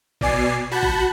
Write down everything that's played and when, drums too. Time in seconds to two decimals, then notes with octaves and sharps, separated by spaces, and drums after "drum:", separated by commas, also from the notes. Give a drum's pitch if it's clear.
0.21 B2 D5 G#5 C7, drum: kick
0.71 F#4 A5 B5 F#6 G6
0.83 drum: kick